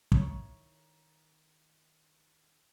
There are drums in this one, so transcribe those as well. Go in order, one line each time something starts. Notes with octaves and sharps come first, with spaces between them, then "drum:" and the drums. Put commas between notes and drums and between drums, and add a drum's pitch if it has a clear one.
D#3 C#5, drum: kick